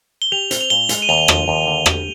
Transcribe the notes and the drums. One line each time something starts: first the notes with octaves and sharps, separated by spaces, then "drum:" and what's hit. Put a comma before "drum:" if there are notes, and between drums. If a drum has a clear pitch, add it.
G7
G4 F7
C4, drum: hi-hat
F7
A#2 G7
G#3, drum: hi-hat
D#7
D#2 F7
F3, drum: rim click
D#2
D3
G4, drum: rim click